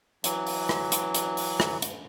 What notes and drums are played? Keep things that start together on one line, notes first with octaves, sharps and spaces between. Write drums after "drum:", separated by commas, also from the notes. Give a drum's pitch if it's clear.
E3 F#3, drum: hi-hat
drum: open hi-hat
drum: rim click
drum: hi-hat
drum: hi-hat
drum: open hi-hat
drum: rim click
drum: hi-hat